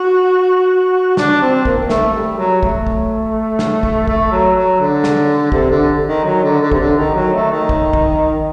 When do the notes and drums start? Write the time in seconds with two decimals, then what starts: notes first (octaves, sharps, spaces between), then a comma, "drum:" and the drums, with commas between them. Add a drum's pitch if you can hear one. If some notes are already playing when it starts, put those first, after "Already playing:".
Already playing: F#4
1.17 D4, drum: snare
1.41 C4
1.65 A#3, drum: kick
1.78 A#3
1.89 A3, drum: snare
2.14 G3
2.38 F#3
2.63 A3, drum: kick
2.87 drum: kick
3.59 drum: snare
3.83 drum: kick
4.07 A3, drum: kick
4.31 F#3
4.55 F#3
4.80 D3
5.04 drum: snare
5.52 C3, drum: kick
5.70 D3
6.07 D#3
6.24 F#3
6.43 D3
6.61 D3
6.72 C3, drum: kick
6.79 D3
6.97 D#3
7.14 F#3
7.34 A3
7.51 D#3
7.69 drum: kick
7.93 drum: kick